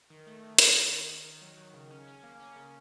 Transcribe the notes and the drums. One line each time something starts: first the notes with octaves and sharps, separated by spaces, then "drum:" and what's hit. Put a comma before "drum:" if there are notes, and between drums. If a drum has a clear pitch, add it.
D#3
A3
D#3
D#3, drum: hi-hat
D#3
D#3
D#3
D#3
F#3
D#3
C#3
C#4
C#4
A#3
C#4
C#3